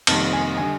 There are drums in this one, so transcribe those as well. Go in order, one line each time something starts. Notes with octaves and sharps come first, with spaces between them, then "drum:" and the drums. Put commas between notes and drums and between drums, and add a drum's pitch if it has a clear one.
F2 C3 D#3 G3 A#3 A5, drum: cymbal
G#5
D3 G3 G#5